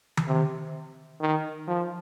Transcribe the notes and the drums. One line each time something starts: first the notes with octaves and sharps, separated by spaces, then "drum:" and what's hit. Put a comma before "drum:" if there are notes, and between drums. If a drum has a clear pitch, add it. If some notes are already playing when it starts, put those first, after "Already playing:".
drum: tom D#3
C3
D#3
F3